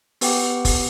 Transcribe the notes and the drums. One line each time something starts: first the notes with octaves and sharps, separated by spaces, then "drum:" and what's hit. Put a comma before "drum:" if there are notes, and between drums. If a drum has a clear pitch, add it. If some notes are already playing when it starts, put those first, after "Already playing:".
B3 G4 B4 F#5 G5 D6, drum: open hi-hat
drum: kick F1, open hi-hat